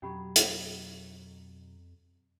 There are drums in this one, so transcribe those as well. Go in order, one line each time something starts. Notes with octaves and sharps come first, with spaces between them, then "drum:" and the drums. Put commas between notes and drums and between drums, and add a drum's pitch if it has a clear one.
F2 B2 F#3 C#4 G4 B5
drum: hi-hat